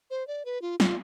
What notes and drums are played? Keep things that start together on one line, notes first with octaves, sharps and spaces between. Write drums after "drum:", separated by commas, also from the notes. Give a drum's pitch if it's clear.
C5
D5
B4
F4
F4, drum: snare